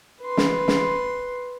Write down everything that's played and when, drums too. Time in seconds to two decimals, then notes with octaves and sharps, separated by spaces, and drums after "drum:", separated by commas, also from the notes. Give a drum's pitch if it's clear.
0.22 B4 C6
0.37 drum: snare
0.68 drum: snare